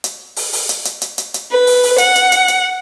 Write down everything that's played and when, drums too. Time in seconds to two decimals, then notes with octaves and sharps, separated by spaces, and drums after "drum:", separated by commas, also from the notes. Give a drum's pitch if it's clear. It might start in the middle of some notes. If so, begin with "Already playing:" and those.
0.04 drum: hi-hat
0.36 drum: open hi-hat
0.53 drum: open hi-hat
0.69 drum: hi-hat
0.85 drum: hi-hat
1.02 drum: hi-hat
1.18 drum: hi-hat
1.34 drum: hi-hat
1.50 B4
1.67 drum: open hi-hat
1.83 drum: open hi-hat
1.98 F#5, drum: hi-hat
2.16 drum: hi-hat
2.32 drum: hi-hat
2.48 drum: hi-hat